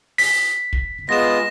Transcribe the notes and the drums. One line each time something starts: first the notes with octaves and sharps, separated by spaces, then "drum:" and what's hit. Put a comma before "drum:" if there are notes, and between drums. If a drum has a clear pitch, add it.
B6, drum: open hi-hat
drum: kick
G#3 B3 F4 A#6 E7